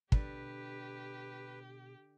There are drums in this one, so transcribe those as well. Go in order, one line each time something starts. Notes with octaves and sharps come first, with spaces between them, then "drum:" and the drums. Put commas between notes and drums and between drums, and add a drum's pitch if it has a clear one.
B2 D3 G4 B4, drum: kick